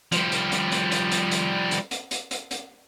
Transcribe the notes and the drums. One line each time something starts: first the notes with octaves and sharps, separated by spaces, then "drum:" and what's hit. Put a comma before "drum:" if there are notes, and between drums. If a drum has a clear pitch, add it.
F3 G3, drum: hi-hat
drum: hi-hat
drum: hi-hat
drum: hi-hat
drum: hi-hat
drum: hi-hat
drum: hi-hat
drum: hi-hat
drum: hi-hat
drum: hi-hat
drum: hi-hat
drum: hi-hat